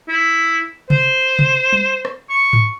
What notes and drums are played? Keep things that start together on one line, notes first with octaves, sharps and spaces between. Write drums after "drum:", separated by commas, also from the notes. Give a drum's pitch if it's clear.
E4
C5, drum: tom C3
drum: tom C3
drum: tom
drum: rim click
C#6
drum: tom G#2